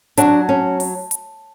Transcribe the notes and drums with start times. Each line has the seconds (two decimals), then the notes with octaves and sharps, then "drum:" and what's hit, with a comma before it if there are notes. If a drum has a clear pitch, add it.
0.17 F#3 D4 F#4, drum: hi-hat
0.49 C#4
0.80 drum: open hi-hat
1.11 drum: hi-hat